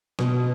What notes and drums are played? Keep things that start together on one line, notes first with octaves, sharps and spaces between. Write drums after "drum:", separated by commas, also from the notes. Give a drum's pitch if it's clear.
B2, drum: snare